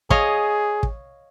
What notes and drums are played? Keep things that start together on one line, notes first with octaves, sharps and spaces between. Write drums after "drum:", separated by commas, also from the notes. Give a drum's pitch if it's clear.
G#4 C#5 D#5 F5, drum: kick
drum: kick